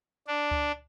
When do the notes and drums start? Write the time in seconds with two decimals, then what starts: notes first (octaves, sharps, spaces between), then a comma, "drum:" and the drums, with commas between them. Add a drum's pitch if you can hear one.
0.27 D4
0.51 drum: kick C#2